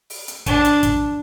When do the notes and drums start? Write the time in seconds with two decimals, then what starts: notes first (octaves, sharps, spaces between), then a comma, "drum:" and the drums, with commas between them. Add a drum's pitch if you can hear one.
0.10 drum: open hi-hat
0.28 drum: hi-hat
0.46 D4, drum: kick, hi-hat
0.65 drum: hi-hat
0.83 drum: kick, hi-hat